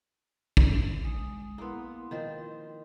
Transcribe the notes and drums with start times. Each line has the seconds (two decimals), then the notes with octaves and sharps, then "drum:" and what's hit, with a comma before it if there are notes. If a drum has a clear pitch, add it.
0.57 drum: kick
1.04 G#3 D#6
1.58 A#3 B3 E4 C6
2.11 D#3 F3 C4